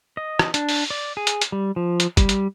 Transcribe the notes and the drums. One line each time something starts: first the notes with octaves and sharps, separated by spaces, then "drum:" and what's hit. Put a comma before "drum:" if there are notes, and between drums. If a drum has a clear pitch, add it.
D#5
drum: rim click
D4, drum: hi-hat
drum: open hi-hat
D5
G#4
drum: hi-hat
drum: hi-hat
G3
F3
drum: hi-hat
G3, drum: kick, hi-hat
drum: hi-hat